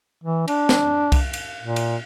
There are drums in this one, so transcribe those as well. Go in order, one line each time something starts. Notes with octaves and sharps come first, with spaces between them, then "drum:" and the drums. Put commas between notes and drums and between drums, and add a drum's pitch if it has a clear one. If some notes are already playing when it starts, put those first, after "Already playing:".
E3
D4, drum: cymbal
drum: snare
drum: kick C2, cymbal
drum: cymbal
A#2
drum: cymbal